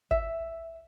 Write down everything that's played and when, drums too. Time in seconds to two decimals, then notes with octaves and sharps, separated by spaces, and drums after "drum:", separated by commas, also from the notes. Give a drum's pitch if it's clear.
0.11 E5, drum: kick